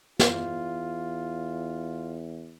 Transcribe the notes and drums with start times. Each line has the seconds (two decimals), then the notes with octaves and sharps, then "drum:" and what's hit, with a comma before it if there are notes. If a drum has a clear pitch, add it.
0.19 E2 F4, drum: snare